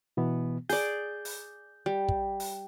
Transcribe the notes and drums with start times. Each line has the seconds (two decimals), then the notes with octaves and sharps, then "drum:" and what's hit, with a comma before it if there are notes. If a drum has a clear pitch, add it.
0.17 B2 E3 B3
0.69 G#4 D5 G6, drum: open hi-hat
1.25 drum: open hi-hat
1.86 G3
2.09 drum: kick
2.40 drum: open hi-hat